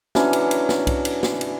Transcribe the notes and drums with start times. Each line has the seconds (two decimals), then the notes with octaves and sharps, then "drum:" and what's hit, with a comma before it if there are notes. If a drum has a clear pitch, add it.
0.15 E3 F#3 C#4 D4, drum: snare
0.33 drum: cymbal
0.51 drum: cymbal
0.69 drum: snare
0.87 drum: kick C2, cymbal
1.05 drum: cymbal
1.23 drum: snare
1.41 drum: cymbal